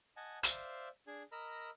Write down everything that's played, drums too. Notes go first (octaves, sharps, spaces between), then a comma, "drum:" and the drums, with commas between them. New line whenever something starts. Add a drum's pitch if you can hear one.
D#5 F#5 G#5 A5
C5 D5 E5 F5, drum: hi-hat
D4 G#4 G#5
A#4 D#5 A#5 B5 E6